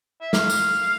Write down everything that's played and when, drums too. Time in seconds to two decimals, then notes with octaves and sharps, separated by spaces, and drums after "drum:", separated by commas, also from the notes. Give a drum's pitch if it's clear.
0.21 E5
0.33 F5, drum: snare
0.50 drum: tambourine